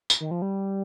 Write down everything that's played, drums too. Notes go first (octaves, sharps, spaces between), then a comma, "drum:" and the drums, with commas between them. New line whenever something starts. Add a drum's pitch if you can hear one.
drum: tambourine
D#3
F3
G3